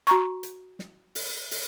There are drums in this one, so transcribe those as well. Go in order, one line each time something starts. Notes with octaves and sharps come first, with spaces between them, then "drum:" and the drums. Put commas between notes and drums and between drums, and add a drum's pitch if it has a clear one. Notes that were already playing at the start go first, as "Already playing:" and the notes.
F#4 A#5 C#6, drum: hi-hat
drum: hi-hat
drum: snare
drum: open hi-hat
drum: open hi-hat